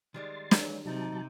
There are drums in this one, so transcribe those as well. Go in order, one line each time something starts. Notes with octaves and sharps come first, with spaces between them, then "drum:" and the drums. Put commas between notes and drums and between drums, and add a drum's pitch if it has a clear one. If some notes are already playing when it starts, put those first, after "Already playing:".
D#3 G3 G#3 C6 A6
C#3 E3 F#3, drum: snare
C3 F#3 D#4 A5